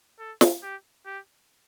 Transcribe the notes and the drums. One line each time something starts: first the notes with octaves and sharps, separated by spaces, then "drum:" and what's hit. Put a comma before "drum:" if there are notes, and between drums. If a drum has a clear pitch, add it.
A4
drum: snare
G4
G4